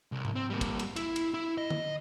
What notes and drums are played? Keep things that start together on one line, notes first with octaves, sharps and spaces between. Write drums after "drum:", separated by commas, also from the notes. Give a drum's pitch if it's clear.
C2
drum: tom G#2
C4
G3 A#3
drum: kick, cymbal
drum: cymbal
E4, drum: cymbal
drum: cymbal
E4
D#5
drum: tom D3